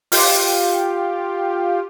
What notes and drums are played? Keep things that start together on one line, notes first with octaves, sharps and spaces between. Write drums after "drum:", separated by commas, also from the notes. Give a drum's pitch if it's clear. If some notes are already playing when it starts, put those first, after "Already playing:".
F4 G4, drum: open hi-hat